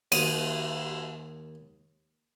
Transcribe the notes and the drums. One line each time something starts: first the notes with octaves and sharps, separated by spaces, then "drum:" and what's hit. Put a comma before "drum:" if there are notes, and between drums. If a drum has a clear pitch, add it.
D#2 D#7, drum: cymbal